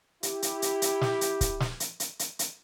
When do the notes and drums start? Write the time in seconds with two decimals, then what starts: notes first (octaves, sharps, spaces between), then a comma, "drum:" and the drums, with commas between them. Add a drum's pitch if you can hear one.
0.23 E4 G4, drum: hi-hat
0.42 drum: hi-hat
0.62 drum: hi-hat
0.82 drum: hi-hat
1.01 drum: snare
1.21 drum: hi-hat
1.41 drum: kick, hi-hat
1.60 drum: snare
1.80 drum: hi-hat
2.00 drum: hi-hat
2.19 drum: hi-hat
2.39 drum: hi-hat